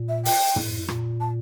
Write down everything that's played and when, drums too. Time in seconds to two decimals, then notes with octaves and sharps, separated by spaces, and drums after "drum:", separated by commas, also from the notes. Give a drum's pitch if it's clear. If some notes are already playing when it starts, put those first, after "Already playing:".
Already playing: A#2
0.09 E5
0.25 G5, drum: open hi-hat
0.56 A2, drum: tom
0.88 A#2, drum: rim click
1.20 A5